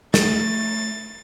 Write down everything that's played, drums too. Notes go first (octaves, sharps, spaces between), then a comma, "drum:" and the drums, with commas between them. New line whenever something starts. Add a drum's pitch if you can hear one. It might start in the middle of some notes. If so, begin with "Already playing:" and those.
A3 A6, drum: snare